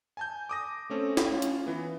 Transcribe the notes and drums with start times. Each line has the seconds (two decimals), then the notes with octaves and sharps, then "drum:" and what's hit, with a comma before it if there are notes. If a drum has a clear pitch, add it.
0.17 G#5 A5 G6
0.49 D6 D#6 A#6
0.90 A3 C4 C#4 A4
1.17 drum: snare
1.29 C#4 F4
1.42 drum: hi-hat
1.67 E3 B3